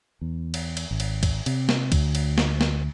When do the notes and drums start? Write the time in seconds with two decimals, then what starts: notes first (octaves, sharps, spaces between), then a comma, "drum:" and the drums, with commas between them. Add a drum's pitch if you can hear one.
0.21 E2
0.54 drum: cymbal
0.77 drum: cymbal
0.91 G#1
1.00 drum: cymbal
1.23 drum: kick, cymbal
1.46 C3, drum: cymbal
1.69 drum: snare
1.92 D2, drum: kick, cymbal
2.15 drum: cymbal
2.38 drum: snare
2.61 drum: snare